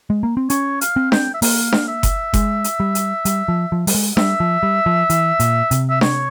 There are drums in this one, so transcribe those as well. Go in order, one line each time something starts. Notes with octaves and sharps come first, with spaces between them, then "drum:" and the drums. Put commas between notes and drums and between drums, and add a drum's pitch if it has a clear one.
G#3
A#3
C4
C#4 C#5, drum: hi-hat
F5, drum: hi-hat
C4
G5, drum: snare D4
E5
A#3 F5, drum: open hi-hat
drum: snare D4
E5
drum: kick F#1, hi-hat
G#3, drum: kick F#1, hi-hat
drum: hi-hat
G3
drum: hi-hat
G3, drum: hi-hat
F3
F3
G3, drum: open hi-hat
G#3
G3 E5, drum: snare D4
F3
G3
F3
E3, drum: hi-hat
A#2, drum: hi-hat
C3, drum: hi-hat
E5
C#5, drum: snare D4